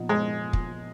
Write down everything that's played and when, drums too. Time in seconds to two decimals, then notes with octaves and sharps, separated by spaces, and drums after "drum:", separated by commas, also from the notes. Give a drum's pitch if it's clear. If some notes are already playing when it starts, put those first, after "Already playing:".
Already playing: A#2 F3 B3 D#4
0.09 G#3
0.53 drum: kick